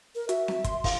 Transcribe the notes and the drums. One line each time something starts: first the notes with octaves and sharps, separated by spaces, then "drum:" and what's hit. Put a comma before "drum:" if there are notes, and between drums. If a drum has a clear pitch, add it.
A#4
F#4 E5, drum: hi-hat
drum: snare C4
C6, drum: kick, hi-hat
F5, drum: kick, open hi-hat